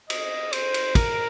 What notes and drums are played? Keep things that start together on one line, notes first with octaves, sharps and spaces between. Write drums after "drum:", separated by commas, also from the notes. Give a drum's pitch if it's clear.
D#5, drum: cymbal
C5, drum: cymbal
drum: cymbal
A#4, drum: kick, cymbal